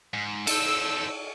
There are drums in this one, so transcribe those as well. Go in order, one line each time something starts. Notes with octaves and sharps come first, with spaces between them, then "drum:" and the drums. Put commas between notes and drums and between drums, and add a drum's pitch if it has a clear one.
G#2
A4 C5 E6, drum: cymbal